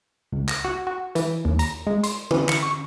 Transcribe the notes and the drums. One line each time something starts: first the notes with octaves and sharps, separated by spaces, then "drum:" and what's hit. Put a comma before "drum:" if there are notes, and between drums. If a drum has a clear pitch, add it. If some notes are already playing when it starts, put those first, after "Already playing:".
C#2
A#6, drum: clap
F#4
F#4
E3, drum: hi-hat
D#2
A#5, drum: hi-hat
G#3
C6, drum: hi-hat
E3, drum: tom D3
C#7, drum: clap
C#6